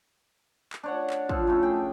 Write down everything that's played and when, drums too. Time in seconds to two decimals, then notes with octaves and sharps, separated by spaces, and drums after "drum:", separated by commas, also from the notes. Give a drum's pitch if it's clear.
0.73 drum: clap
0.83 D4 C#5 F#5
1.10 drum: clap
1.29 F3 A4, drum: kick
1.47 A2 C#3 A3
1.63 G#4 G5